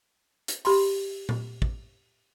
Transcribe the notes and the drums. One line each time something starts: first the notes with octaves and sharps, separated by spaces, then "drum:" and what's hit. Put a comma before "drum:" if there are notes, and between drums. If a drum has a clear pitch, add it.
drum: hi-hat
G4 B5 C6, drum: open hi-hat
drum: tom A#2
drum: kick